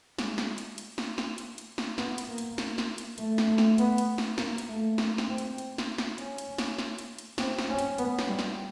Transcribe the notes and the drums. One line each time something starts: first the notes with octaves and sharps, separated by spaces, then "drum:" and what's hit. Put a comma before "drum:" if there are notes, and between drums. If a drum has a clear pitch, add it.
G#3, drum: snare
drum: snare
drum: hi-hat
drum: hi-hat
drum: snare
drum: snare
drum: hi-hat
drum: hi-hat
drum: snare
B3, drum: snare
drum: hi-hat
A#3
drum: hi-hat
drum: snare
drum: snare
drum: hi-hat
A3, drum: hi-hat
drum: snare
A3
drum: snare
B3, drum: hi-hat
drum: hi-hat
drum: snare
A#3, drum: snare
drum: hi-hat
A3
A#3, drum: snare
drum: snare
C4
drum: hi-hat
drum: hi-hat
drum: snare
drum: snare
C#4, drum: hi-hat
drum: hi-hat
drum: snare
drum: snare
drum: hi-hat
drum: hi-hat
C4, drum: snare
drum: snare
C#4
drum: hi-hat
B3, drum: hi-hat
drum: snare
G3
drum: snare